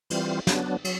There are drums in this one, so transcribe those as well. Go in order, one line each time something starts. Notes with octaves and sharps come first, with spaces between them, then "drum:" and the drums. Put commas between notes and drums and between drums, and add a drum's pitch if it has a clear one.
E3 G3 C4 F4, drum: cymbal
F#3 B3 D4, drum: snare
F#3, drum: cymbal